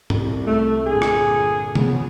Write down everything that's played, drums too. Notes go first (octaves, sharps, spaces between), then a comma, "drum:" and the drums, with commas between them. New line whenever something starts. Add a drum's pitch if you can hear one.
C2, drum: tom
A3
G2 A#2 D3 G#4
drum: rim click
C#3 F3 B3, drum: tom C3